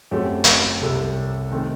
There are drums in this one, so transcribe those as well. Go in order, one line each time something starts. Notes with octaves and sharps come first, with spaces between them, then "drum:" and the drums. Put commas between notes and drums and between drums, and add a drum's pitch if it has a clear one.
F#2 F#3 A3 C4 G4
drum: hi-hat
C2 C3 G3 A4
D#3 A3 C4